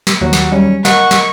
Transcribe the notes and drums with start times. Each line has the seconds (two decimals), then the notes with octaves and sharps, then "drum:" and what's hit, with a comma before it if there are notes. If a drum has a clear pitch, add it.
0.07 drum: snare
0.21 D#2 F#3 F#4
0.33 drum: snare
0.52 G3 G#3 C#4
0.85 A#4 D#5 F#5 C#6, drum: snare
1.11 drum: snare